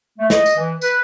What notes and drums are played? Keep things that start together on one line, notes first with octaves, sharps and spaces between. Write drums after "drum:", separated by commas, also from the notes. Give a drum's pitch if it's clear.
A3
D#5, drum: snare
drum: tambourine
E3
B4, drum: tambourine